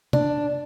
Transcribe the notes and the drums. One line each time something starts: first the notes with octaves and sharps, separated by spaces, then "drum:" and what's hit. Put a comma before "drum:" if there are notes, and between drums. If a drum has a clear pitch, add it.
D4, drum: tom